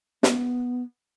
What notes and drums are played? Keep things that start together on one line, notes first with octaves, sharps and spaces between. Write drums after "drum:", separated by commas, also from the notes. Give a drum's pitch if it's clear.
B3, drum: snare